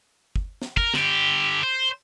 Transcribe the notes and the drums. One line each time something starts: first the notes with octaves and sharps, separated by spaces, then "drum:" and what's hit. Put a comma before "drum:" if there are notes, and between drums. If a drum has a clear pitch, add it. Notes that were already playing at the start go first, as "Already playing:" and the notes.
drum: kick
drum: snare
A#4, drum: kick
D3 G4, drum: snare
C5